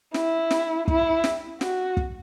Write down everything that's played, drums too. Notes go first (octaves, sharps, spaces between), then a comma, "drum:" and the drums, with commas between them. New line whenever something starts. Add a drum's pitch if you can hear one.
E4, drum: snare
drum: snare
E4, drum: kick
drum: snare
F#4, drum: snare
drum: kick